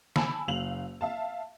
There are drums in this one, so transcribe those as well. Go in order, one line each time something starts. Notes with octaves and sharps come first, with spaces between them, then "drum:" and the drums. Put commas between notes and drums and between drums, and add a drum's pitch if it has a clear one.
G#5 A5 B5 E6, drum: snare
F#1 F5 F7 F#7
E5 F5 A5